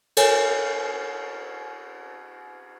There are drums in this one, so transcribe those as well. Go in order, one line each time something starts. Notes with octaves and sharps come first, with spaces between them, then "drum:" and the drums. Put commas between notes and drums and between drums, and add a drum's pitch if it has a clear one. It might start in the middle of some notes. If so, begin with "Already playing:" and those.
A4 A#4 C#5 G#5, drum: cymbal